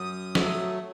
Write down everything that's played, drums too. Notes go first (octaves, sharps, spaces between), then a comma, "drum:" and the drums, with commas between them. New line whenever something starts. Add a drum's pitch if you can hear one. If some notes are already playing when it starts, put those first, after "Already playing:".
Already playing: F#2 D#6
F#3 A3, drum: snare